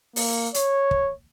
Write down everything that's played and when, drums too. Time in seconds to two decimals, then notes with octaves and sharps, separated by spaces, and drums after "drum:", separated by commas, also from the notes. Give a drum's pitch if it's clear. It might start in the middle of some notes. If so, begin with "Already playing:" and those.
0.16 A#3, drum: open hi-hat
0.54 C#5, drum: hi-hat
0.91 drum: kick